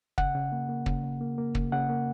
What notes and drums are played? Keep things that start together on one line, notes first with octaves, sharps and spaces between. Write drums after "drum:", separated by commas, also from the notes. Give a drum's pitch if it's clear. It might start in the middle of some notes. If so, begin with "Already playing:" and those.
C#3 F#5, drum: kick
C#3
A#3
A#3
C#3, drum: kick
C#3
A#3
A#3
C#3, drum: kick
C#3 F#5
A#3